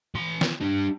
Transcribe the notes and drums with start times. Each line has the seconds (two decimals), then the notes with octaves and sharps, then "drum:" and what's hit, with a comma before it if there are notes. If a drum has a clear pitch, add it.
0.15 E3 C6
0.41 drum: snare
0.61 D4 G4